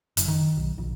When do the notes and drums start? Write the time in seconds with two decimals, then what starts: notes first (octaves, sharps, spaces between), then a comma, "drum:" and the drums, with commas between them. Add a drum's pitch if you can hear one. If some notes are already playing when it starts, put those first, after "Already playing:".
0.17 F#1, drum: hi-hat
0.28 D#3
0.57 B1
0.78 A#1